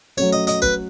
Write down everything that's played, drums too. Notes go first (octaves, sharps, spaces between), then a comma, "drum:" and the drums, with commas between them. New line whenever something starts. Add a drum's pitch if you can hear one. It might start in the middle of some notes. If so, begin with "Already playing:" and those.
F#3 A3 C#4 C#5
D#5
D#5, drum: hi-hat
B4, drum: kick